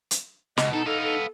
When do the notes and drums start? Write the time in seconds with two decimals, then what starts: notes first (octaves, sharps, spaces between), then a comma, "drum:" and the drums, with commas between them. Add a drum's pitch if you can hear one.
0.11 drum: hi-hat
0.57 C#2 B2 D#5, drum: snare
0.73 D#4 A4
0.86 B3 D#4 A4 F5
1.02 A4